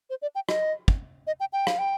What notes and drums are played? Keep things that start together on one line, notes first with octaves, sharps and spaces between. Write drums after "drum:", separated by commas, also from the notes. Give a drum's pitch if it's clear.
C5
D5
G5
D#5, drum: rim click
drum: kick
D#5
G5
G5
F5, drum: rim click
G5